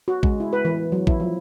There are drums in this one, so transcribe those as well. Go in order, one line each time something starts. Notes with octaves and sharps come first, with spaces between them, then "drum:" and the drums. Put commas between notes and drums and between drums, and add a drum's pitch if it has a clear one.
F#4
G#3, drum: kick A1
E4
B4
E3
F#3
E4, drum: kick A1
F3